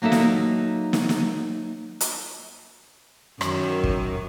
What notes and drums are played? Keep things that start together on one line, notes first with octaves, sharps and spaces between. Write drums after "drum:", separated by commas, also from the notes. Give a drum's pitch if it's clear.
F#3 A#3 D#4 A4 E5
drum: snare
drum: snare
drum: snare
drum: hi-hat
F#2 D#3, drum: rim click
drum: kick